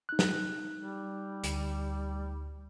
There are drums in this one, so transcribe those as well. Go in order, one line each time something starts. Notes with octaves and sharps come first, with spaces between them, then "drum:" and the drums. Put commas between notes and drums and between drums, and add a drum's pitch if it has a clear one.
D#4 F#6
drum: snare
G3
D2, drum: hi-hat